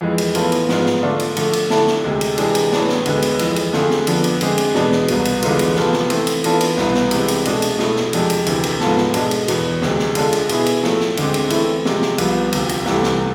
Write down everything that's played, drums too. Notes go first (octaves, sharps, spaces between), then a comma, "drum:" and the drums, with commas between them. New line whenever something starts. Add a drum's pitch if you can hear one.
F2 E3 G#3
drum: cymbal
A2 E3 B3 F4 A4, drum: cymbal
drum: cymbal
G#2 F3 G#3 B3 F4, drum: snare
drum: snare
D3 A3 D4 F4
drum: cymbal
D3 F3 A3, drum: cymbal
drum: cymbal
D3 A3 E4 A4, drum: snare
drum: snare
D2 C3 G#3
drum: cymbal
C3 E3 G#3 D4 G#4, drum: cymbal
drum: cymbal
A2 E3 B3 D4, drum: snare
drum: snare
D2 D3 G#3 B3, drum: cymbal
drum: cymbal
F2 E3 G#3, drum: cymbal
drum: cymbal
D3 A3 C4 F4 G#4, drum: snare
drum: snare
F2 D3 F3 B3 D4, drum: cymbal
drum: cymbal
D3 G#3 C4 G#4, drum: cymbal
drum: cymbal
E2 B2 G#3 B3 D4, drum: snare
drum: snare
C2 B2 B3, drum: cymbal
drum: cymbal
E2 D3 G#3 B3 F4, drum: cymbal
drum: cymbal
C3 F3 B3 F4 A4, drum: snare
drum: snare
E3 A3 C4, drum: cymbal
drum: cymbal
E3 B3 D4 F4 A4, drum: cymbal
drum: cymbal
C2 B2 B3 E4, drum: snare
drum: snare
C3 E3 G#3 C4, drum: cymbal
drum: cymbal
B2 G#3 D4 A4, drum: cymbal
drum: cymbal
B2 A3 E4, drum: snare
drum: snare
F2 C3 G#3 D4 A4, drum: cymbal
drum: cymbal
D2 C3 E3, drum: cymbal
drum: cymbal
G#2 F3 B3 F4 A4, drum: snare
drum: snare
B2 G#3 D4 A4, drum: cymbal
drum: cymbal
E2 B2 B3, drum: cymbal
D2 C3 G#3, drum: snare
drum: snare
D3 G#3 D4 F4 A4, drum: cymbal
drum: cymbal
B2 B3 E4 G#4, drum: cymbal
drum: cymbal
A2 F3 A3, drum: snare
drum: snare
D2 D3 G#3 C4, drum: cymbal
drum: cymbal
E3 A3 C4 E4, drum: cymbal
C3 F3 G#3, drum: snare
drum: snare
C2 C3 F3 B3, drum: cymbal
D2 C3 F3, drum: cymbal
drum: cymbal
C2 C3 E3 A3, drum: snare
drum: snare